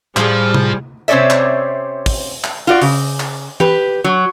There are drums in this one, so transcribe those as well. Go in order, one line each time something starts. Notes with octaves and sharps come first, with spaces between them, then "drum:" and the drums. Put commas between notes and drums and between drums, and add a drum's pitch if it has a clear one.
A2 F3 G3 F4 G#4, drum: clap
drum: tom C3
C3 C4 C#4 C#5 D5 E5
drum: clap
drum: kick, open hi-hat
drum: clap
F4 F#4 D5
C#3, drum: open hi-hat
drum: clap
G4 B4, drum: tom E3
F#3